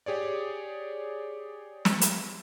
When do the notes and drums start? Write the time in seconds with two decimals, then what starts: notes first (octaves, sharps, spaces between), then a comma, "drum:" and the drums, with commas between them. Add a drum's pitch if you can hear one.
0.06 G4 G#4 C#5 D5
1.85 drum: snare
2.01 drum: hi-hat